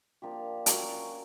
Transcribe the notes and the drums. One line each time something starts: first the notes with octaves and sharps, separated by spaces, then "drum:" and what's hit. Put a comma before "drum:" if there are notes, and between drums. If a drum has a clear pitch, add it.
F3 A#3 D4 G4
F#3 A#3 C#4, drum: hi-hat